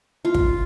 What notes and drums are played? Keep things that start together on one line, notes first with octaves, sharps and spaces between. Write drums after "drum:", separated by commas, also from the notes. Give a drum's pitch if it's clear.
F4
drum: kick